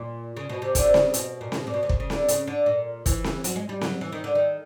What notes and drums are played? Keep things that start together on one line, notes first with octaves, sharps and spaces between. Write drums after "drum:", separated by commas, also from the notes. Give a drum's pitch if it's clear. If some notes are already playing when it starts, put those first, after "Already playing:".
Already playing: A#2
C#3
B2
C3
D3, drum: kick, hi-hat
C3
C#3, drum: snare C4
B2, drum: hi-hat
A#2
B2, drum: snare C4
A#2
B2
C3
C#3, drum: kick
C#3
D3, drum: snare C4
C#3, drum: hi-hat
D3
A#2
E3, drum: kick, hi-hat
drum: snare C4
F#3, drum: hi-hat
G#3
G3
F#3, drum: snare C4
E3
D#3
D3
D#3